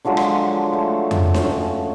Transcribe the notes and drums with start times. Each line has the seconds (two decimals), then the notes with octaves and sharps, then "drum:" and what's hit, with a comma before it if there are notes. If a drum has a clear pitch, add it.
0.05 D3 F3 F#3 G#3
0.17 drum: rim click
0.73 A3
1.11 drum: tom F2
1.34 C#4, drum: snare D4